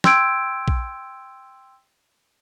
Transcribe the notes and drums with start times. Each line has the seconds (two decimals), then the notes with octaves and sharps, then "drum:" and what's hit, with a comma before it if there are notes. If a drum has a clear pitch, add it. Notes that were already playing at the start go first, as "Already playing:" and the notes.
0.04 G5 C6 E6 G6 G#6 D7, drum: snare
0.68 drum: kick A#1